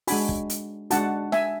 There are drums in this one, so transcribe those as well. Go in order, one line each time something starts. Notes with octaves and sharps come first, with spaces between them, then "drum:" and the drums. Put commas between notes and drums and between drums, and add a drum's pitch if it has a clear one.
G#3 D4 F#4 G#5 B5, drum: open hi-hat
drum: kick
drum: hi-hat
G#3 D4 F#4 F#5 A5, drum: hi-hat
E5 G#5, drum: snare